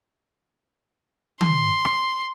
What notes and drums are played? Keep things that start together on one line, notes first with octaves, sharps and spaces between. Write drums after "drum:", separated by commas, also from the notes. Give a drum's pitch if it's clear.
C6, drum: tom D#3
drum: rim click